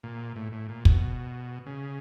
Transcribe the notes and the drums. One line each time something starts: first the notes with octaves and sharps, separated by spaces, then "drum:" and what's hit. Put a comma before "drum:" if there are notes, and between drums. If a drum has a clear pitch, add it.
A#2
A2
A2
A#2
B2, drum: kick
C#3